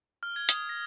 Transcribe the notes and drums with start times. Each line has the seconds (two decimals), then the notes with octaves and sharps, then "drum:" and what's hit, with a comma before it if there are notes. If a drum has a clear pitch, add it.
0.23 F6
0.36 G#6
0.49 D#6, drum: hi-hat
0.69 A#6